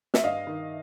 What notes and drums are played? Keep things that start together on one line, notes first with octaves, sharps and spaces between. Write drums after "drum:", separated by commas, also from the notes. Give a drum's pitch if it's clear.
E5, drum: snare
G2 D#5 F5
D#3